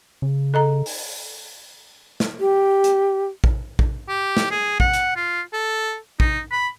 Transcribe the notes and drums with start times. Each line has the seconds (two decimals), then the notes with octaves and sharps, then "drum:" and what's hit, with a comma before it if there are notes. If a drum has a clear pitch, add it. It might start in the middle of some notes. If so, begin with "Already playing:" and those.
0.22 C#3
0.54 A4 D#5 A#5
0.86 drum: open hi-hat
2.20 drum: snare
2.40 G4
2.84 drum: hi-hat
3.44 drum: kick A#1
3.79 drum: kick A#1
4.09 G4
4.37 drum: snare
4.51 G#4
4.80 F#5, drum: kick A#1
4.93 drum: hi-hat
5.16 F4
5.53 A4
6.20 D#4, drum: kick A#1
6.52 B5